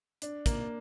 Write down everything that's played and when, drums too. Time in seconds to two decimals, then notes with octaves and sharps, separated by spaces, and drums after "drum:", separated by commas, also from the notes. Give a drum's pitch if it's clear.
0.22 D4, drum: hi-hat
0.46 A#3, drum: kick, hi-hat